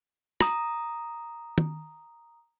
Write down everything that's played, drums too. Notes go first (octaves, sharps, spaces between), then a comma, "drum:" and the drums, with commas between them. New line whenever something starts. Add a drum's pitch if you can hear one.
A#5 D#6, drum: rim click
drum: tom